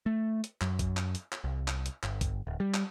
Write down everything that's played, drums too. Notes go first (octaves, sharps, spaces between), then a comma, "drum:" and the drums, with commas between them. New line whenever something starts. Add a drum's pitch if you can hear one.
A3
drum: hi-hat
F#2, drum: clap
drum: kick A#1, hi-hat
drum: clap
drum: hi-hat
drum: clap
C2
drum: clap
drum: hi-hat
G1, drum: clap
drum: kick A#1, hi-hat
D1
G3
drum: clap